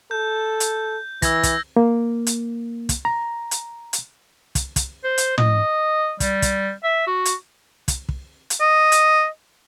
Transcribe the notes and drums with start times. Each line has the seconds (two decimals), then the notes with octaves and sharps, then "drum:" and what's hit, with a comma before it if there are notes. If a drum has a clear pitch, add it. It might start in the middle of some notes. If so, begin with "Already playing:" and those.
0.11 A4 G6
0.60 drum: hi-hat
1.22 E3 E6 G#6 A#6, drum: kick, hi-hat
1.43 drum: kick, hi-hat
1.77 A#3
2.27 drum: hi-hat
2.89 drum: kick, hi-hat
3.05 A#5
3.51 drum: hi-hat
3.93 drum: hi-hat
4.55 drum: kick, hi-hat
4.76 drum: kick, hi-hat
5.04 C5
5.18 drum: hi-hat
5.38 D#5, drum: tom
6.20 G3, drum: kick, hi-hat
6.42 drum: kick, hi-hat
6.84 E5
7.07 F#4
7.25 drum: hi-hat
7.88 drum: kick, hi-hat
8.09 drum: kick
8.50 drum: hi-hat
8.61 D#5
8.92 drum: hi-hat